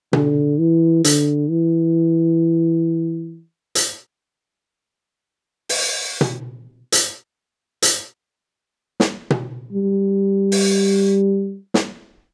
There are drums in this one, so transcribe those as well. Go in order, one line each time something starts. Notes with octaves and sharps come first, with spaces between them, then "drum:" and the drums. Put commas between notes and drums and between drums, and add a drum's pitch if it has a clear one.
D3, drum: tom B2
E3
D3, drum: hi-hat
E3
drum: hi-hat
drum: open hi-hat
drum: tom B2
drum: hi-hat
drum: hi-hat
drum: snare
drum: tom B2
G3
drum: open hi-hat
drum: snare